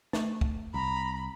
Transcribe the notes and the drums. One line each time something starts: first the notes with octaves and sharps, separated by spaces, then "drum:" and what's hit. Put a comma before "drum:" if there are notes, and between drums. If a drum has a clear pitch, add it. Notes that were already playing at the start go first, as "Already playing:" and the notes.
A3, drum: snare
drum: kick
C2 A#5 B5